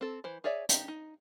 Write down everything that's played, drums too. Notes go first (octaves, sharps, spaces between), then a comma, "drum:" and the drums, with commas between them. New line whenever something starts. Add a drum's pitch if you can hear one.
C4 A4
E3 C5
G#4 C#5 D5 E5 G#5
D#4 G4, drum: hi-hat
D#4